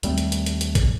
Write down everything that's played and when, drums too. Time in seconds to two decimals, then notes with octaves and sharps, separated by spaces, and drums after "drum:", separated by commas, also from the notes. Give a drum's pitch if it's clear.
0.03 D#2 G3 A3 C4, drum: hi-hat
0.18 drum: hi-hat
0.32 drum: hi-hat
0.46 drum: hi-hat
0.61 drum: hi-hat
0.75 drum: kick A1, hi-hat